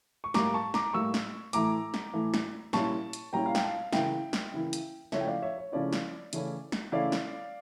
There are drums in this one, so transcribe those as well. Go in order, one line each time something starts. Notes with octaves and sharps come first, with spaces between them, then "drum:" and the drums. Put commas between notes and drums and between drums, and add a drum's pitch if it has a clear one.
C#6
A2 G3 A#3 A#5 D6, drum: snare
A5 C#6
A#5 D6, drum: snare
A2 G3 A#3 C#6 E6
drum: snare
A2 E3 A3 A#5 D6, drum: hi-hat
drum: snare
A2 E3 A3
drum: snare
A#2 G3 C#4 E4 A5 C#6, drum: snare
drum: hi-hat
A#2 G3 C#4 E4 G5 A#5
F5
G5, drum: snare
F5 A5
C#3 E3 A#3 E4 E5 G5, drum: snare
drum: snare
C#3 E3 A#3 E4
drum: hi-hat
C#3 F3 A3 C#4 E4 C#5 E5, drum: snare
G5
D5 F5
C#5 E5
C#5
C#3 F3 A3 C#4 E4 D5
drum: snare
C#3 E3 A3 C#4 E4, drum: hi-hat
drum: snare
C#3 E3 A3 C#4 E4 D5 F5
drum: snare